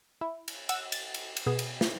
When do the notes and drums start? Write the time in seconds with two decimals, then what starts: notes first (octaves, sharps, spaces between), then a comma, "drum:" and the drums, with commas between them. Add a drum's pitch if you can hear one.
0.21 E4
0.48 drum: cymbal
0.69 F#5 E6, drum: cymbal
0.92 A6, drum: cymbal
1.14 drum: cymbal
1.37 drum: cymbal
1.46 B2 B3 G#4
1.59 drum: cymbal
1.81 drum: snare